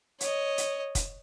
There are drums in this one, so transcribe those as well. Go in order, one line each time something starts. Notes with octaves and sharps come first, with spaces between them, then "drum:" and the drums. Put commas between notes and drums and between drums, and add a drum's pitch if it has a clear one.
C#5 D#5, drum: hi-hat
drum: hi-hat
drum: kick, hi-hat